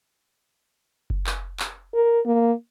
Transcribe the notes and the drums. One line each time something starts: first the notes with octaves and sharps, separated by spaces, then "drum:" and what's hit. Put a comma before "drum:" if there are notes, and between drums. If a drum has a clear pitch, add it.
drum: kick F#1
drum: clap
drum: clap
A#4
A#3